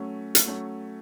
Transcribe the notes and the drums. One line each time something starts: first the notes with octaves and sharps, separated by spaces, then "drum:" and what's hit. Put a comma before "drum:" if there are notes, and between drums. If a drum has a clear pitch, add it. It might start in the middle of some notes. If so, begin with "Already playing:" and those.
Already playing: F#3 A3 C#4
drum: hi-hat
F#3 A3 C#4